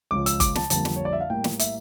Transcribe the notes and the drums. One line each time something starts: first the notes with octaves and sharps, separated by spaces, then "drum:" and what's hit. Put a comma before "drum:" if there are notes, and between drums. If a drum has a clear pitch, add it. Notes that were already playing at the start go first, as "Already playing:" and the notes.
C#2 C#3 F3 D6
E6, drum: hi-hat
D6, drum: kick G1, hi-hat
A5, drum: snare
F2 D3 G3 A#3 A5, drum: hi-hat
drum: snare
C#5
D5
E5
F5
A2 G3 A#3 G5
drum: snare
E5, drum: hi-hat